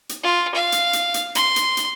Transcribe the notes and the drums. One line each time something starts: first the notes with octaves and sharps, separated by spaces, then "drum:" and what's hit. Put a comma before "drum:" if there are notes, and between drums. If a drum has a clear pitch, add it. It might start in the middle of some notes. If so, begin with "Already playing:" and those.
drum: hi-hat
F4
F5
drum: hi-hat
drum: hi-hat
drum: hi-hat
C6, drum: hi-hat
drum: hi-hat
drum: hi-hat